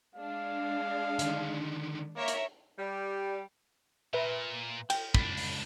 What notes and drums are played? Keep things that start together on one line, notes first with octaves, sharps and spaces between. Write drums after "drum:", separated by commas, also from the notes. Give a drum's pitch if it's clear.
G#3 D4 F5
D3 D#3, drum: hi-hat
A#3 A#4 C#5 E5
drum: hi-hat
G3
A#2 B4 E5
G5, drum: cymbal
C#2 D4 B5, drum: kick
drum: open hi-hat